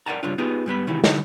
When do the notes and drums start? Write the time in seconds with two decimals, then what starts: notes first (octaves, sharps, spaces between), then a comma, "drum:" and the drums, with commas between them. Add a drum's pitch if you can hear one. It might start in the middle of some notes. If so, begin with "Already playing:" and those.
0.06 A#4 D5 F#5 G5 A5 A#5
0.23 G2 C#3 D4 F4
0.38 B3 D#4 F4 G4 G#4 B4
0.66 G#2 G3 B3 B5
0.87 C3 D#3 E3 G#3 E4 F#4
1.04 D3 F#3 D#4 E4 F#4 A#4, drum: snare